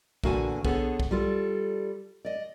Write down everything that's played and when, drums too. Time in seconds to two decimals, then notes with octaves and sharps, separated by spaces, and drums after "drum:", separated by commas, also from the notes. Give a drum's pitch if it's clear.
0.24 E2 A#2 D3 F#4 F5 G#5, drum: kick
0.65 D3 B3 G#4 A4 C#5, drum: kick
1.00 drum: kick
1.11 G3 F4 A4
2.25 D5 D#5